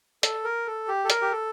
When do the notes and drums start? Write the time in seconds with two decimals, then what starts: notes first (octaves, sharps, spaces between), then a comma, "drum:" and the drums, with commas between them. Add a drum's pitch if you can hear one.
0.23 A4, drum: hi-hat
0.44 A#4
0.67 A4
0.88 G4
1.05 A4
1.10 A#4, drum: hi-hat
1.21 G4
1.32 A4